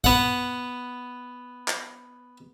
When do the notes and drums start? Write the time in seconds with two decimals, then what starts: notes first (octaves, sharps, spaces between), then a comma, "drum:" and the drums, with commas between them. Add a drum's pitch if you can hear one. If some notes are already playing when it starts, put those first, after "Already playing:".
0.04 B3 F#5, drum: kick
1.68 drum: clap